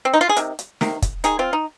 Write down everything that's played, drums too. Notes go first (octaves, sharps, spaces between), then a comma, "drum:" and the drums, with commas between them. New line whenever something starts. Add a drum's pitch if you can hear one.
C4
D#4
F4
G#4
C3 D#3, drum: hi-hat
drum: hi-hat
C3 D#3 A#3, drum: snare
drum: kick, hi-hat
D#3 G#3 D#4 G#4, drum: hi-hat
C4 F4
D#4